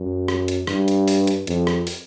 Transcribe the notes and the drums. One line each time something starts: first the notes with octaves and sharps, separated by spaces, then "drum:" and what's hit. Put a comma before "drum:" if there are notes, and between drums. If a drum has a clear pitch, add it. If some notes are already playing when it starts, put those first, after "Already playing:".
Already playing: F#2
drum: rim click
drum: hi-hat
G2, drum: rim click
drum: hi-hat
drum: open hi-hat
drum: hi-hat
F2, drum: hi-hat
drum: rim click
drum: open hi-hat